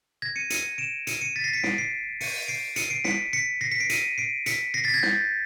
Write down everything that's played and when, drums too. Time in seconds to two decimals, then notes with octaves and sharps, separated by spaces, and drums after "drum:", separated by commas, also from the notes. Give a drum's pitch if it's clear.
0.22 G#6 A#6
0.36 C#7 D#7
0.50 C#7 D#7, drum: hi-hat
0.78 D7 E7
1.07 C#7 D#7, drum: hi-hat
1.21 C#7 D#7
1.36 A6 B6
1.44 A#6 C7
1.53 B6 C#7
1.63 C7 D7, drum: snare
1.78 C7 D7
2.21 C#7 D#7, drum: open hi-hat
2.48 C7 D7
2.76 C#7 D#7, drum: hi-hat
2.90 C7 D7
3.04 B6 C#7, drum: snare
3.33 B6 C#7
3.61 A#6 C7
3.71 B6 C#7
3.80 C7 D7
3.90 C#7 D#7, drum: hi-hat
4.18 C7 D7
4.46 B6 C#7, drum: hi-hat
4.74 A#6 C7
4.84 A6 B6
4.94 G#6 A#6
5.03 G6 A6, drum: snare